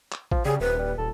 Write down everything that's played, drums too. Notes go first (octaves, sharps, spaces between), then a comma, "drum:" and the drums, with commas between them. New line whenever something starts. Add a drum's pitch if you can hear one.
drum: clap
F3, drum: kick
C#3 G3 G#4
D#1 C3 B4
G3
D#1 A4